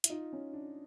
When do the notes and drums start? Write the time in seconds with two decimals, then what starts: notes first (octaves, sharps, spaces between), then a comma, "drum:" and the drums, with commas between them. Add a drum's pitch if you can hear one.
0.04 E4, drum: hi-hat
0.10 D#4 F4
0.33 C#4
0.53 D4